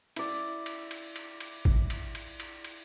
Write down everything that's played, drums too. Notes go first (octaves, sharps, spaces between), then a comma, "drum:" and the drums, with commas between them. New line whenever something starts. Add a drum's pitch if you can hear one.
E4 D5, drum: cymbal
drum: cymbal
drum: cymbal
drum: cymbal
drum: cymbal
drum: kick A1
drum: cymbal
drum: cymbal
drum: cymbal
drum: cymbal